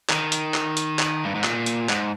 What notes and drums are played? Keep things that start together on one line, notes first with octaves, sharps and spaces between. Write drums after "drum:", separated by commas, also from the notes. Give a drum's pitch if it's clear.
D#3, drum: clap
drum: hi-hat
drum: clap
drum: hi-hat
drum: clap
G2
G#2
A#2, drum: clap
drum: hi-hat
G#2, drum: clap